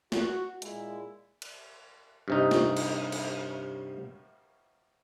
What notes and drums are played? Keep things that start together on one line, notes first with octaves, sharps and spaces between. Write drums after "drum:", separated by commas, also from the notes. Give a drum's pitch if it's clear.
F#4, drum: snare
A#2 G#3 A#3 E4, drum: hi-hat
drum: cymbal
G2 C3 D#4
drum: snare
drum: cymbal
drum: cymbal